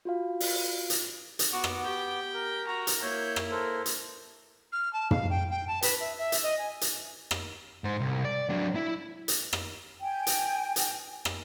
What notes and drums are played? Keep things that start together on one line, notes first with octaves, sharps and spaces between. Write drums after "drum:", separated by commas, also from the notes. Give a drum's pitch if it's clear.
F4 F#4 F5
drum: open hi-hat
drum: hi-hat
drum: hi-hat
B3 F#4 D6
drum: rim click
G4 G5
A#4
F#4 A#5
drum: hi-hat
A#3 E4 C#5 G6
drum: rim click
A4 A#4 C5
drum: hi-hat
F6
A5
F5, drum: tom
G5
G5
A5
B4, drum: hi-hat
E5
E5
drum: hi-hat
D#5
G#5
drum: hi-hat
drum: rim click
G#2 C5
C2
D5
F#3 D4
E4
drum: hi-hat
drum: rim click
G5 G#5
drum: hi-hat
drum: hi-hat
drum: rim click